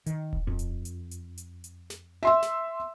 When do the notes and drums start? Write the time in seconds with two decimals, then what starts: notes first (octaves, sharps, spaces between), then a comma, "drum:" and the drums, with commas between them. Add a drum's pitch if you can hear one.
0.06 D#3, drum: hi-hat
0.33 drum: kick D#1
0.47 F2
0.59 drum: hi-hat
0.85 drum: hi-hat
1.11 drum: hi-hat
1.38 drum: hi-hat
1.64 drum: hi-hat
1.90 drum: snare
2.23 E5 C6 E6
2.42 drum: snare